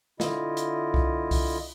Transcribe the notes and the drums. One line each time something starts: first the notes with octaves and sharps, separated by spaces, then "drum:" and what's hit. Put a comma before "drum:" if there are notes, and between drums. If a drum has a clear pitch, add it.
D3 E4 F4 D#5, drum: snare
drum: hi-hat
drum: kick C2
drum: kick C2, open hi-hat